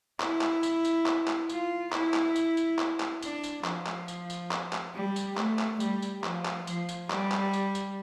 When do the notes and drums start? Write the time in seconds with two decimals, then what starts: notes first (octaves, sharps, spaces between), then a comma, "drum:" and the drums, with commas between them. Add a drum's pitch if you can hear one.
0.20 E4, drum: clap
0.41 drum: clap
0.63 drum: tambourine
0.85 drum: tambourine
1.06 drum: clap
1.28 drum: clap
1.49 F4, drum: tambourine
1.92 E4, drum: clap
2.14 drum: clap
2.36 drum: tambourine
2.57 drum: tambourine
2.79 drum: clap
3.00 drum: clap
3.22 D4, drum: tambourine
3.43 drum: tambourine
3.64 F3, drum: clap
3.87 drum: clap
4.08 drum: tambourine
4.30 drum: tambourine
4.51 drum: clap
4.73 drum: clap
4.94 G3
5.16 drum: tambourine
5.37 A3, drum: clap
5.59 drum: clap
5.80 G3, drum: tambourine
6.02 drum: tambourine
6.24 F3, drum: clap
6.46 drum: clap
6.67 F3, drum: tambourine
6.89 drum: tambourine
7.10 G3, drum: clap
7.32 drum: clap
7.53 drum: tambourine
7.75 drum: tambourine